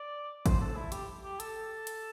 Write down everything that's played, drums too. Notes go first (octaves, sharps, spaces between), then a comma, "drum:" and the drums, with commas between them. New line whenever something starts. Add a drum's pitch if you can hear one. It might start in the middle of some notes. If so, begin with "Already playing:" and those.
Already playing: D5
C5, drum: kick G#1, hi-hat
A4
E4
G4, drum: hi-hat
G4
A4, drum: hi-hat
drum: hi-hat